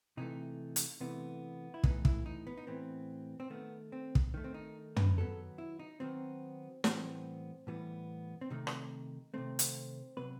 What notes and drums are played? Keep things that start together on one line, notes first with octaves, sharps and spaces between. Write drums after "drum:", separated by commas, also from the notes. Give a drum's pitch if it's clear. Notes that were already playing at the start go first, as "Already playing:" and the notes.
C3 E3 A3 D#4
drum: hi-hat
C3 E3 A3 B3
E4
A2 E3 B3 D#4, drum: kick
E4, drum: kick
D#4
B3
D#4
A2 E3 B3 C4
C4
D#3 A3 B3
C4
drum: kick
D#3 A3
C4
D#4
B4, drum: tom
D#3 F#3 B3 A4
E4
D#4
D#3 F#3 B3 C4
A2 E3 G3 B3 C4, drum: snare
A2 E3 G3 B3
C4
C3 D#3 A3 D#4
drum: rim click
C3 D#3 A3 C4
drum: hi-hat
C3 F#3 B3 B4